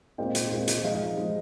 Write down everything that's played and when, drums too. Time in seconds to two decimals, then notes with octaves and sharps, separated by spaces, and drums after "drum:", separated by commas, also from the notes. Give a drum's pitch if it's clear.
0.18 A#2 G#3 C4 D#4 G5
0.35 drum: hi-hat
0.51 A#2 G#3 C4 D#4
0.68 drum: hi-hat
0.84 F3 G#3 D#4 F5
0.95 D#5
1.17 F3 G#3 D#4